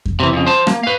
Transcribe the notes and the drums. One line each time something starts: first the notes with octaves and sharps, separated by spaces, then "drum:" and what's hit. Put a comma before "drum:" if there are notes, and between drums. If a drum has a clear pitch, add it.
drum: kick F2
C3 E3
F2 C#3
C5 A5
A#3, drum: rim click
B4 F5